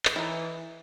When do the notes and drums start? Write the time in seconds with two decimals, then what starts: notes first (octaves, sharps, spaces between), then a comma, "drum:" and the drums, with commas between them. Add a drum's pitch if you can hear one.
0.05 drum: clap
0.16 E3 D#4 E4